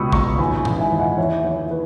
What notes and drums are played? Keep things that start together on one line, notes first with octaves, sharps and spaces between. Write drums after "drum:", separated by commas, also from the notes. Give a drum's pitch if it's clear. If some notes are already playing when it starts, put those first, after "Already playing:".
Already playing: C#2 B2 B5 C#6 D#6 E6
C#2 A#5 C#6, drum: kick A#1
D#2 G#5 B5
E3, drum: tom A2
E5 G#5
D#2
D#5 F#5
E2 C#5 E5
E3 C#5 E5
B4